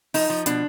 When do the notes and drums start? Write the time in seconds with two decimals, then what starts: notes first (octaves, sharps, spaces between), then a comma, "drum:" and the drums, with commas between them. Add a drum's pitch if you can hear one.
0.14 F3 D#4, drum: open hi-hat
0.30 F3
0.46 B2 D4, drum: hi-hat